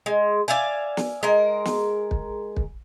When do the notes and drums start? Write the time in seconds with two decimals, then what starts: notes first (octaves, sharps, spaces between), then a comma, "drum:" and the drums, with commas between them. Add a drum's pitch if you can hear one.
0.06 G#3
0.48 D5 E5 F5 G#5
0.97 drum: snare
1.23 G#3 A#4
1.65 drum: snare
2.11 drum: kick
2.57 drum: kick